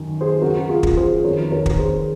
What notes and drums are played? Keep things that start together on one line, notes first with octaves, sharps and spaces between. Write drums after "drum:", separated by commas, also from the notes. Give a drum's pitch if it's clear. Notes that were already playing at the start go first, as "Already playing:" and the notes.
Already playing: F#2 D#3
G#4 C5
F#2 C#3 F#4 A#4
F4 G#4
drum: kick
G#4 C5
F2 D#3 A#4 C#5
A#4 C#5
drum: kick
G#4 C5